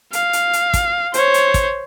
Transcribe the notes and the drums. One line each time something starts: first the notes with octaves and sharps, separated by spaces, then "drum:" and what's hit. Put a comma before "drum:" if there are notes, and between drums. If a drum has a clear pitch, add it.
F5, drum: hi-hat
drum: hi-hat
drum: hi-hat
drum: kick, hi-hat
C5 C#5, drum: hi-hat
drum: hi-hat
drum: kick, hi-hat